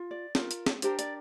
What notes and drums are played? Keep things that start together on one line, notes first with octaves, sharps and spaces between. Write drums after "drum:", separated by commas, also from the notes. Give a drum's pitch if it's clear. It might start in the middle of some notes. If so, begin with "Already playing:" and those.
Already playing: F4
D5
F4 A#4, drum: snare
drum: hi-hat
drum: snare
D4 G4 A#4 C5, drum: hi-hat
D5, drum: hi-hat